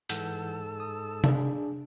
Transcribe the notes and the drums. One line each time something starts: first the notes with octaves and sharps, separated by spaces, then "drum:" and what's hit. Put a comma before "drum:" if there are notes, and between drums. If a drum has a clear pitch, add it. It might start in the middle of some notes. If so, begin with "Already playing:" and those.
G#2 E3 A4 F#5 E6 G6, drum: hi-hat
D#6
D4 G#4, drum: tom